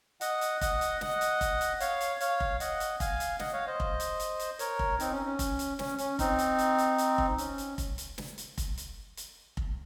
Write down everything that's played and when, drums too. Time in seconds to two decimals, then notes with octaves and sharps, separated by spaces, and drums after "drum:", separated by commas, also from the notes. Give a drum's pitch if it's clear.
0.21 D#5 F#5, drum: hi-hat
0.41 drum: hi-hat
0.61 D#5 F#5, drum: kick F1, hi-hat
0.81 drum: hi-hat
1.01 D#5 F#5, drum: snare
1.21 drum: hi-hat
1.41 drum: kick F1, hi-hat
1.61 drum: hi-hat
1.80 C#5 F5, drum: hi-hat
2.01 drum: hi-hat
2.20 C#5 F5, drum: hi-hat
2.40 drum: kick F1
2.60 D#5 F#5, drum: hi-hat
2.80 drum: hi-hat
3.00 F5 G#5, drum: kick F1, hi-hat
3.20 drum: hi-hat
3.39 D#5 F#5, drum: snare
3.53 C#5 F5
3.67 C5 D#5
3.80 drum: kick F1
4.00 drum: hi-hat
4.20 drum: hi-hat
4.39 drum: hi-hat
4.59 A#4 C#5, drum: hi-hat
4.79 drum: kick F1
5.00 C4 D#4, drum: hi-hat
5.12 C#4
5.26 C#4
5.39 drum: kick F1, hi-hat
5.59 drum: hi-hat
5.79 C#4, drum: snare
5.98 C#4, drum: hi-hat
6.19 C4 D#4, drum: kick F1, hi-hat
6.39 drum: hi-hat
6.58 drum: hi-hat
6.78 drum: hi-hat
6.98 drum: hi-hat
7.18 drum: kick F1
7.38 C#4, drum: hi-hat
7.58 drum: hi-hat
7.78 drum: kick F1, hi-hat
7.98 drum: hi-hat
8.18 drum: snare
8.38 drum: hi-hat
8.58 drum: kick F1, hi-hat
8.77 drum: hi-hat
9.17 drum: hi-hat
9.57 drum: kick F1